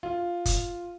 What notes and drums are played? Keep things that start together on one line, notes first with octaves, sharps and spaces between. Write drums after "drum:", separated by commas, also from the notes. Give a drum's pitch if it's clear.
F4
drum: kick, hi-hat